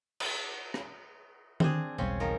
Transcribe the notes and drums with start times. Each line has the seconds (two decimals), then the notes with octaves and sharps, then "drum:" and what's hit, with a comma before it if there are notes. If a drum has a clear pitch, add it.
0.20 drum: cymbal
0.74 drum: rim click
1.60 C4 D4 G#4, drum: tom D#3
1.98 E1 B1 C#3 G3 C4 C#4
2.20 D#3 F3 A#4